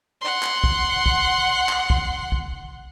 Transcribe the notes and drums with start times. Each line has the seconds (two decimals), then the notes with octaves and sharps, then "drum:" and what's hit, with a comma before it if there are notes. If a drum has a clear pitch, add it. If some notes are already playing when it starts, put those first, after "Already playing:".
0.22 F#5 C6
0.43 drum: clap
0.64 drum: kick
1.06 drum: kick
1.69 drum: clap
1.90 drum: kick
2.32 drum: kick